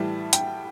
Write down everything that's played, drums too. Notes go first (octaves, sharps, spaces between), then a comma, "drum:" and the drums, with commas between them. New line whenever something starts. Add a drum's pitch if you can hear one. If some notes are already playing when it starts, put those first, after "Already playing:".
Already playing: A2 E3 G3 A5
G5, drum: hi-hat